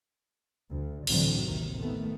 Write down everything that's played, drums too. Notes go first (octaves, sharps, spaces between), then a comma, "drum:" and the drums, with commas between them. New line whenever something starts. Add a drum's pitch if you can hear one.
D2
D2 A2 D3 E3 F#3 C4, drum: cymbal
A1 D#2 C3 D#3
D#3 A3 B3